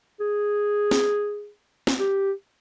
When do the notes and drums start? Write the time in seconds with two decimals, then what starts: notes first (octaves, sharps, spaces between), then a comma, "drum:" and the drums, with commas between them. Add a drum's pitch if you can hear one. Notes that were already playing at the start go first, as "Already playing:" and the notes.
0.20 G#4
0.91 drum: snare
1.87 drum: snare
1.99 G4